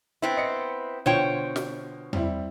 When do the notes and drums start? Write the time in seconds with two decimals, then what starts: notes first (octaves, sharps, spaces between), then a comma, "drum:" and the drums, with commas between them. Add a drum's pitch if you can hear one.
0.22 B3 C4 E4
0.37 D#5 C#7
1.06 B2 D3 F4 C5 C#5 G5
1.56 drum: snare
2.13 G3 C4 E4, drum: tom E2